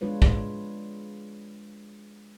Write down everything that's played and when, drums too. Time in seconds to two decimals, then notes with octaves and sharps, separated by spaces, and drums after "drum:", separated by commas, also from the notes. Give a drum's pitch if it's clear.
0.01 G#3 D4 F4 B4 C#5
0.22 drum: kick